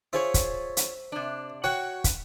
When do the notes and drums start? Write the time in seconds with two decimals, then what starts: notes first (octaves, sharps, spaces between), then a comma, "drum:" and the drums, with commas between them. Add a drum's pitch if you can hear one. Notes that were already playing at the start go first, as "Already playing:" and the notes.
0.13 F4 G#4 C5 C#5 E5
0.34 drum: kick, hi-hat
0.77 drum: hi-hat
1.12 C3 D4
1.64 F#4 C#5 F#5 G5
2.04 drum: kick, hi-hat